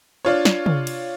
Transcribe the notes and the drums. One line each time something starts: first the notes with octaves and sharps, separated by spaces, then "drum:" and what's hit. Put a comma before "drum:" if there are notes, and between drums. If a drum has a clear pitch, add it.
D4 F4 C#5
drum: snare
drum: tom
drum: cymbal